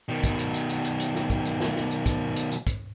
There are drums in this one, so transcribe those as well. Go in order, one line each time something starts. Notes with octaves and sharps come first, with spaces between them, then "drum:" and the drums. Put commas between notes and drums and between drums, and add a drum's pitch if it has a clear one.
B2 D#3
drum: kick, hi-hat
drum: hi-hat
drum: hi-hat
drum: hi-hat
drum: hi-hat
drum: hi-hat
drum: snare
drum: kick, hi-hat
drum: hi-hat
drum: snare
drum: snare
drum: hi-hat
drum: kick, hi-hat
drum: hi-hat
drum: hi-hat
drum: kick, hi-hat